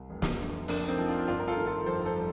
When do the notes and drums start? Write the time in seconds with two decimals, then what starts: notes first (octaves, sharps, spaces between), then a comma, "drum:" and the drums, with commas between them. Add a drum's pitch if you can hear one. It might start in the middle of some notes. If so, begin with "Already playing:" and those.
Already playing: C2
0.10 F1
0.22 drum: snare
0.39 D3
0.68 F2 A#3 D4, drum: open hi-hat
0.88 C4 D#4
0.98 F3
1.08 D4 F4
1.28 G1 D4 F4
1.39 A#4
1.48 F4 A4
1.57 D#3
1.67 F4 A4
1.86 F2 A4 C5
2.05 A4 C5
2.16 G3